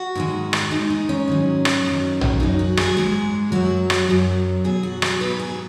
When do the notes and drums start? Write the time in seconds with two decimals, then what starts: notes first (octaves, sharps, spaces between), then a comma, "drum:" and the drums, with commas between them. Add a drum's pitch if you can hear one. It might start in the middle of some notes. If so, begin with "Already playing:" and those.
Already playing: F#4
0.15 G#2 D#3 G#3
0.53 drum: rim click
0.71 G#2 G#3 D#4
0.90 D#4
1.09 C#4
1.28 G#2 D#3 F#3
1.65 drum: rim click
1.84 F#2 D#3 F#3
2.21 drum: tom A#1
2.40 F#2 F#3 D#4
2.59 F#4
2.77 G#4, drum: rim click
2.97 G#2 G#3
3.52 F#2 F#3 F#4
3.90 drum: rim click
4.09 F#2 F#3
4.64 B2 F#3 G#4
4.83 F#4
5.02 G#4, drum: rim click
5.21 G#2 F#3 B4
5.39 G#4